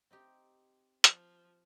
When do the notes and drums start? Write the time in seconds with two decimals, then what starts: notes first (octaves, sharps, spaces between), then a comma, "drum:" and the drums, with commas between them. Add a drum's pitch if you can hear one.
0.11 C4 D#4 G4
1.04 F3, drum: hi-hat